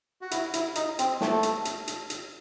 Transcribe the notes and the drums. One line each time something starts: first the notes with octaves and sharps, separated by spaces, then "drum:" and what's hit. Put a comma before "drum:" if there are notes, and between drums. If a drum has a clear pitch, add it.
F#4
E4, drum: hi-hat
E4, drum: hi-hat
D#4, drum: hi-hat
C4, drum: hi-hat
A3, drum: snare
drum: hi-hat
drum: hi-hat
drum: hi-hat
drum: hi-hat